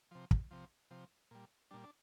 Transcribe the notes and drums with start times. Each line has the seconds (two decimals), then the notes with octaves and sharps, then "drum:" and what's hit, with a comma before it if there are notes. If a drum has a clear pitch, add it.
0.11 C3 F3
0.31 drum: kick
0.51 C3 F3
0.91 C3 F3
1.31 A#2 G3
1.71 A#2 G3 D4
1.84 D4